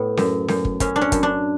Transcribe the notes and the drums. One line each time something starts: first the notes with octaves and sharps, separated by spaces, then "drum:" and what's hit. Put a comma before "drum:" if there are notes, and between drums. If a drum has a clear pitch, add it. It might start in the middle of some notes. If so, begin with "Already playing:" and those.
Already playing: A2 B3
F#2, drum: snare C#4
F#2, drum: snare C#4
drum: kick
F#2 C#4, drum: kick, hi-hat
D4
C#4
F#2, drum: kick, hi-hat
D4